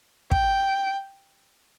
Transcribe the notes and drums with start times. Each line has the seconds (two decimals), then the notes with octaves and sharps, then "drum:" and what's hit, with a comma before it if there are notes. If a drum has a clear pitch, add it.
0.31 G5, drum: kick